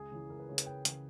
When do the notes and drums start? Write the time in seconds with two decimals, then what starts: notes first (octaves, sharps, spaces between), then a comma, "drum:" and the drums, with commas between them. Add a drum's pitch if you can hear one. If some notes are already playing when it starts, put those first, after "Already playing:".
Already playing: C#2 G#4
0.12 C#3 E3
0.30 C#2 A#4
0.40 B4
0.49 C#3 E3 C#5
0.58 B4, drum: hi-hat
0.66 C#2 G5
0.85 C#3 E3, drum: hi-hat